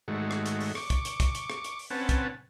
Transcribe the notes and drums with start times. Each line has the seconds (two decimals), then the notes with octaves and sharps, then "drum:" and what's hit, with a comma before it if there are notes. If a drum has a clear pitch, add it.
0.08 G#2 D#3 G#3 A3 F#4
0.31 drum: rim click
0.46 drum: hi-hat
0.60 drum: open hi-hat
0.75 C#6 D6, drum: rim click
0.90 drum: kick, hi-hat
1.05 drum: hi-hat
1.20 drum: kick, hi-hat
1.35 drum: hi-hat
1.50 drum: rim click
1.64 drum: hi-hat
1.79 drum: open hi-hat
1.91 C4 C#4 B4 F#5 A5
2.09 drum: kick, hi-hat